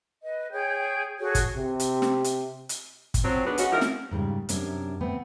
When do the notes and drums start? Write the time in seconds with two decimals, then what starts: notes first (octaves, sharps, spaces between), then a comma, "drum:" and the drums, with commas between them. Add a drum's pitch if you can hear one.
0.23 B4 D#5
0.50 G#4 C#5 G5 G6
1.18 F#4 G#4 A4 C#5
1.35 drum: kick, hi-hat
1.56 C3
1.80 drum: hi-hat
2.02 drum: snare
2.24 drum: hi-hat
2.69 drum: hi-hat
3.14 drum: kick, hi-hat
3.23 F3 F#3 C4
3.45 G#2 B3 D4 F#4 B4
3.58 G#3 C#4 F#4, drum: hi-hat
3.72 D#3 F3 E4 A#4
3.81 drum: snare
4.11 G#2 C#3 G3 A#3
4.49 F#2 C3 C#4 D4 A#4, drum: hi-hat
5.00 A3 B3 C4